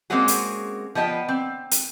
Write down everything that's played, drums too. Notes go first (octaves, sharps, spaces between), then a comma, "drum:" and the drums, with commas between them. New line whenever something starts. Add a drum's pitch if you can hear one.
G#3 A#3 C4 C#4 F#4 G#4
drum: hi-hat
F3 B3 D#5 G5
C4
drum: hi-hat